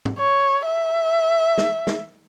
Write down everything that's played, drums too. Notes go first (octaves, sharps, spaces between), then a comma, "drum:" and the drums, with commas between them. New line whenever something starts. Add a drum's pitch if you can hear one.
drum: tom
C#5
E5
drum: snare
drum: snare